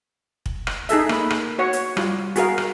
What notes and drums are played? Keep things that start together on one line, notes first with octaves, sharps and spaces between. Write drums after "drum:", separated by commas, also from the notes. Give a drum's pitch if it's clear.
drum: kick
drum: rim click
D#4 G#4 A4 E5, drum: hi-hat
A#3 B5, drum: rim click
drum: rim click
F#4 C#5 F#5
drum: hi-hat
G3 F4, drum: rim click
F#4 G#4 A#4 F5, drum: hi-hat
drum: rim click